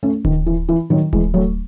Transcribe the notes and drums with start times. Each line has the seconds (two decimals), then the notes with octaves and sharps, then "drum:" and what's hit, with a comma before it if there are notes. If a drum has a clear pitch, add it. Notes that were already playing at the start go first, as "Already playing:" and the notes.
0.03 A3 C#4
0.25 D#3, drum: kick D1
0.46 E3
0.69 E3
0.90 D#3 F#3
1.13 E3 G#3, drum: kick D1
1.34 F#3 A3